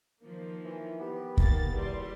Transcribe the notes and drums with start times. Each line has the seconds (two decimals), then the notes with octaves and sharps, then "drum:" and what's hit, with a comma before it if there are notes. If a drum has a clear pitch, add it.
0.22 D#3 F3 A#3
0.65 E3
1.00 B3 G4
1.37 D#3 A#3 A6, drum: kick
1.73 E2 G3 C6